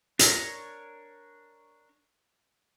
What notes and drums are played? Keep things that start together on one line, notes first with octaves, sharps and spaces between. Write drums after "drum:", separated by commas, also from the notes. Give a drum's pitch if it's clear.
D4 A#4 C#5, drum: hi-hat